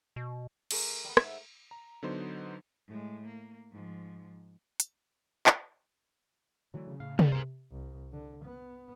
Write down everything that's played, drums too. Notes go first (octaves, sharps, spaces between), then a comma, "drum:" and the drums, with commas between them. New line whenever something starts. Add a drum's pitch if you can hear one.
B2
A3 G#4 A#4, drum: cymbal
G3 B3
G#2 E5, drum: rim click
A#5
D3 F#3 B3 D#4 C5
A2 G#3
A#3
G#2 F3
drum: hi-hat
drum: clap
D3 E3 F#3 A3
C#3
A2 F5
D#3 G3 A#4 B4 D5, drum: tom
C#2 G2 B2 G#4 A#4 C5
C2
D3
B3